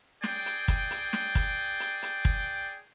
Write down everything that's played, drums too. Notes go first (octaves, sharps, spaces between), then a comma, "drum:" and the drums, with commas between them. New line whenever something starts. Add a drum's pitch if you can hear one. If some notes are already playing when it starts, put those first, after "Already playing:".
G#4 D5 G5, drum: snare
drum: hi-hat
drum: kick, hi-hat
drum: hi-hat
drum: snare
drum: kick, hi-hat
drum: hi-hat
drum: hi-hat
drum: kick